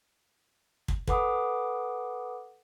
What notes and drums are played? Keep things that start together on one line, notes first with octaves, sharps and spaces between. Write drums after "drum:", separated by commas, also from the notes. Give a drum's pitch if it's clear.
drum: kick
A4 B4 F#5 B5 D6 D#6, drum: kick